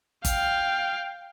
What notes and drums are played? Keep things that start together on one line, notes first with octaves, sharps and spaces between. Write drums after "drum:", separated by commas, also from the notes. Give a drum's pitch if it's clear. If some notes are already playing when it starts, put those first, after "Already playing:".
F5 G5, drum: kick G1, hi-hat